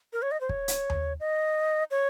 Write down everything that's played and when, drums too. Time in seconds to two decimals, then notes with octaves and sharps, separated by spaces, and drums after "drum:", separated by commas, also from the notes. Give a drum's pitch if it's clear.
0.13 A#4
0.22 C#5
0.31 D#5
0.41 C5
0.49 C#5, drum: kick
0.68 drum: hi-hat
0.90 drum: tom D#2
1.20 D#5
1.91 C#5